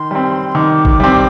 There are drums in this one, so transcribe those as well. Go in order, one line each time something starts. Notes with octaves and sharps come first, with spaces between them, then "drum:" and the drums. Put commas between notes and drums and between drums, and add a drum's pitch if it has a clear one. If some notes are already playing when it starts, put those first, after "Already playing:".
Already playing: D#3 C6
G3 C4
D#3 D6
drum: kick
G3 C4